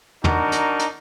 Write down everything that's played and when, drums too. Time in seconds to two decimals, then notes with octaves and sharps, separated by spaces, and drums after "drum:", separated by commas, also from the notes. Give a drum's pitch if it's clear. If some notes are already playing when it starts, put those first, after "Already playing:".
0.24 D4 D#4 F#4 A#4, drum: tom
0.52 drum: hi-hat
0.79 drum: hi-hat